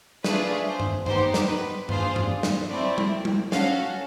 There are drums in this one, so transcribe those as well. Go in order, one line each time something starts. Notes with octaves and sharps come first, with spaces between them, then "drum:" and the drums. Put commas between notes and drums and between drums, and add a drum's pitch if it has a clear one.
A3 D4 F4 G#4 B4, drum: snare
C5
drum: tom G2
B3 D#4 G4 C5, drum: tom G2
drum: snare
B4
D4 F4 G#4 C5, drum: tom G2
drum: tom
drum: snare
A3 C4 E4 D5
drum: tom G3
drum: tom G3
C#4 F#4 A4 F5, drum: snare